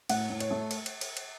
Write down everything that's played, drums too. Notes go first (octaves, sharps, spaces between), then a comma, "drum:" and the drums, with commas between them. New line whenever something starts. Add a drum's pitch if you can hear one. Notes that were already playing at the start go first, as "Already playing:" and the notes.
A2 F#5, drum: cymbal
A2
C#5, drum: cymbal
A3
drum: cymbal
drum: cymbal
drum: cymbal
drum: cymbal